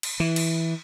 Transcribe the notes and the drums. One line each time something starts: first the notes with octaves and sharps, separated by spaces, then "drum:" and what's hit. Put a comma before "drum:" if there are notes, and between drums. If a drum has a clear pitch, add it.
drum: cymbal
E3
drum: cymbal